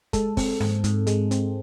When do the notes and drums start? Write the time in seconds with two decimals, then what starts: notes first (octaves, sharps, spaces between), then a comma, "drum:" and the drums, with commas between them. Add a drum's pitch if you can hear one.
0.13 G#3 A4, drum: kick, hi-hat
0.37 C4, drum: kick, open hi-hat
0.60 G#2, drum: snare
0.84 G#2, drum: hi-hat
1.07 G#3, drum: hi-hat
1.31 C4, drum: hi-hat